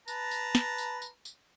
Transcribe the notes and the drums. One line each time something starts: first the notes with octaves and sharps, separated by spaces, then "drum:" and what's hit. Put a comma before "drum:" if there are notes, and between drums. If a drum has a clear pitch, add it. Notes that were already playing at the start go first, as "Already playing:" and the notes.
B4 A5 A#5, drum: tambourine
drum: tambourine
drum: snare
drum: tambourine
drum: tambourine
drum: tambourine